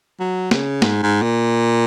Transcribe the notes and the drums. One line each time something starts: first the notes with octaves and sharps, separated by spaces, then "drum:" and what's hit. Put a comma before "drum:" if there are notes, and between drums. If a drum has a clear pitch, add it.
F#3
C#3, drum: snare
G#2, drum: snare
G#2
A#2